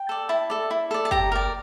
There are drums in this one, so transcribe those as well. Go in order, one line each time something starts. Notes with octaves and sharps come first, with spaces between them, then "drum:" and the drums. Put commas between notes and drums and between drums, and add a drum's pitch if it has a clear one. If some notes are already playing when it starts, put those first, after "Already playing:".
Already playing: G5
A4 D5
E4 A5
A4 D5
E4
A4 D5
A5
G4 A#5, drum: kick
A#4 D5